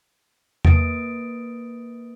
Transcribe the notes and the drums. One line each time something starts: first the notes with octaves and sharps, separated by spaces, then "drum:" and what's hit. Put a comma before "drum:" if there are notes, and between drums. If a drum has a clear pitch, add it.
A#3 B4 D#6 A6 A#6 D7, drum: tom E2